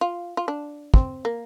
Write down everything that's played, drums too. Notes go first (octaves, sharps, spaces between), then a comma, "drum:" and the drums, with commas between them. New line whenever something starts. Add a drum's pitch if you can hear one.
F4
F4
D4
C4, drum: kick
A#3